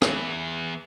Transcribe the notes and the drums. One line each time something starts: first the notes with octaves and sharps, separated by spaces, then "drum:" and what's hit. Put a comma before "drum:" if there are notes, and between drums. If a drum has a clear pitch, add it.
E2 E3, drum: rim click